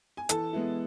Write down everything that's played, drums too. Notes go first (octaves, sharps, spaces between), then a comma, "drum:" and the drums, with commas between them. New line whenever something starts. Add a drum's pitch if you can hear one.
G#5
E3 A4 A5, drum: hi-hat
G#3 B3 E4